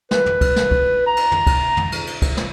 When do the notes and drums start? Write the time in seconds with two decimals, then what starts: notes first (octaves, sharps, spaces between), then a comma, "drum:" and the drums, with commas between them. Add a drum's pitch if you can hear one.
0.11 B4, drum: snare
0.26 drum: tom
0.41 drum: kick, cymbal
0.56 drum: snare
0.71 drum: kick
1.06 A#5
1.16 drum: cymbal
1.32 drum: tom
1.47 drum: kick, cymbal
1.77 drum: tom
1.92 drum: cymbal
2.07 drum: cymbal
2.22 drum: kick, cymbal
2.37 drum: snare